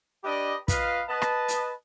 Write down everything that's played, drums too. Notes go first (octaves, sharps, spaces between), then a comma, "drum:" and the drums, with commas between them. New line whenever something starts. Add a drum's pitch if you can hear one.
D4 G4 B4 D5 D#5
F4 B4 D#5 F5, drum: kick, hi-hat
B4 D#5 A5
drum: rim click
drum: hi-hat